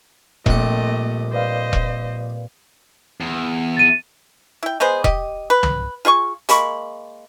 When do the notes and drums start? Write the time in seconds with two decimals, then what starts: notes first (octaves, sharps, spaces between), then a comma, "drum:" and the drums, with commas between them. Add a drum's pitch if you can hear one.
0.46 A#1 A#2 G3 A3 A#3 C4 D#5 F#5, drum: kick E1
1.33 B4 C5 D5 D#5 F5
1.73 drum: kick E1
3.21 E2
3.77 A6 D#7
4.63 E4 G5
4.80 G#3 B3 G#4 C5
5.04 G4 D#5, drum: kick E1
5.50 B4
5.63 drum: tom
6.05 F4 G#4 E5 C#6
6.49 G#3 A#3 B5 C#6, drum: hi-hat